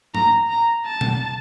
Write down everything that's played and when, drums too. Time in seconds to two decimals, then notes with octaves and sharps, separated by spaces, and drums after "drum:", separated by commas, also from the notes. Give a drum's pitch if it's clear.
0.14 A#5, drum: tom G#2
0.50 A#5
0.85 A5
1.01 drum: tom B2